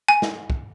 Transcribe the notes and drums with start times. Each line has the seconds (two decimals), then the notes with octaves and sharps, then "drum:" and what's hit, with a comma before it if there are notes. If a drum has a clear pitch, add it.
0.09 G#5
0.22 drum: snare
0.50 drum: kick